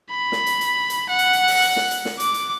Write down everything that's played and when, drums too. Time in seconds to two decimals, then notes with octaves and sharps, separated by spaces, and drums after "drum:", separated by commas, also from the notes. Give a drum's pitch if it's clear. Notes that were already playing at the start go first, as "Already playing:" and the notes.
0.10 B5
0.32 drum: snare
0.46 drum: hi-hat
0.61 drum: hi-hat
0.90 drum: hi-hat
1.09 F#5
1.19 drum: hi-hat
1.33 drum: hi-hat
1.47 drum: open hi-hat
1.62 drum: hi-hat
1.76 drum: snare
1.91 drum: hi-hat
2.05 drum: snare
2.20 D6, drum: hi-hat
2.34 drum: hi-hat